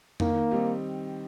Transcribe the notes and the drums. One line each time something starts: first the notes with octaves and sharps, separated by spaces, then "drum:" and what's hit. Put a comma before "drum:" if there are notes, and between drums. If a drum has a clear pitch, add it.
D#3 A#3, drum: tom F2
G3 C4 D#4